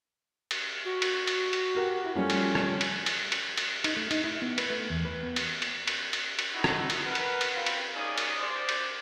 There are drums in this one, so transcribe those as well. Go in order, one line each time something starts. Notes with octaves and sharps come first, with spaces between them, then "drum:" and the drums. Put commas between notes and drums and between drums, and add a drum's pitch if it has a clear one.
drum: cymbal
F#4
drum: cymbal
drum: cymbal
drum: cymbal
G4 A#4 F#5
E4
F3 G3 A3 C#4
drum: cymbal
drum: rim click
drum: cymbal
drum: cymbal
drum: cymbal
drum: cymbal
D#4, drum: cymbal
A3
D#4, drum: cymbal
E4
B3
B4, drum: cymbal
A3
E2
B4
B3
drum: cymbal
drum: cymbal
drum: cymbal
drum: cymbal
drum: cymbal
D#4 E4 F#4
drum: rim click
drum: cymbal
A#4 B4 F#5
drum: cymbal
drum: cymbal
C4 F4 A#4 B4 F5
drum: cymbal
A#3 C#4 D#4 G#4 D5 D#6
drum: cymbal
C5 D5
drum: cymbal